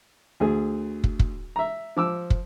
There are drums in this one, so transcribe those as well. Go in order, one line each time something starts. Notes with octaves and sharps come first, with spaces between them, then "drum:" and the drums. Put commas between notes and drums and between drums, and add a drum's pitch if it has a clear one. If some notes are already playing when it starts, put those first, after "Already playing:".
D2 G#4
drum: kick
drum: kick
E5 A#5
F3 D6 E6
drum: kick